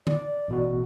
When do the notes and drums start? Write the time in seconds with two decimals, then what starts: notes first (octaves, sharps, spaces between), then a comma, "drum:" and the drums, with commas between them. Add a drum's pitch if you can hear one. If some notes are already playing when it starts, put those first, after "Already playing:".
0.07 D5, drum: tom D3
0.48 A1 B2 F#4